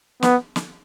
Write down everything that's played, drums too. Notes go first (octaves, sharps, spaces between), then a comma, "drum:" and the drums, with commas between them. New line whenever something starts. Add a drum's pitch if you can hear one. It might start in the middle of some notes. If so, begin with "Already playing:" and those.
B3, drum: snare
drum: snare